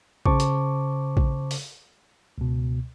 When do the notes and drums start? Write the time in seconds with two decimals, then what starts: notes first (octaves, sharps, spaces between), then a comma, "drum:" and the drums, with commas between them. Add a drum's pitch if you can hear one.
0.26 C#3 C5 A5 C#6 D6, drum: kick
0.40 drum: hi-hat
1.17 drum: kick
1.51 drum: open hi-hat
2.38 C#2 B2